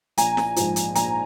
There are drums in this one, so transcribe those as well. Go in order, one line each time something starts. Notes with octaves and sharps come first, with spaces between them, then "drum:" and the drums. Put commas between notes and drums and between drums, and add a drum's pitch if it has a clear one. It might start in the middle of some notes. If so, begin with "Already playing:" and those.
A#1 G#5 A#5, drum: hi-hat
drum: snare
G#2 F3, drum: hi-hat
drum: hi-hat
A#1 G#5 A#5, drum: hi-hat